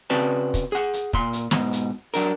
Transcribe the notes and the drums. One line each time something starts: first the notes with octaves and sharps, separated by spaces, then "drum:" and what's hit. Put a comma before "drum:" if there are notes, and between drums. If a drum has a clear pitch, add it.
C#3 C4 F#4 B4 D5 A5
drum: kick, hi-hat
G#4 F#5
drum: hi-hat
A#2 C6, drum: kick
drum: hi-hat
G#2 B2, drum: snare
drum: hi-hat
F#3 D4 A#4, drum: hi-hat